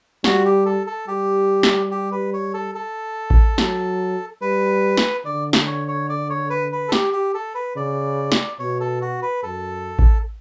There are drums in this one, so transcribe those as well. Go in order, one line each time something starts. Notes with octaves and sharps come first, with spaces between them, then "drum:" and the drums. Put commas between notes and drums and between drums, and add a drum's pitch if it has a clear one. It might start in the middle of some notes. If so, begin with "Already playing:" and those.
G3 F#4, drum: snare
G4
A4
A4
G3 G4
drum: snare
G4
B4
C#5
A4
A4
drum: kick A1
F#3, drum: snare
G3 B4
drum: snare
D3 D5
drum: snare
C#5
C#5
D5
C#5
B4
B4
A4
G4, drum: snare
G4
A4
B4
C#3 D5
drum: snare
B2 C#5
A4
F#4
B4
F#2 A4
drum: kick A1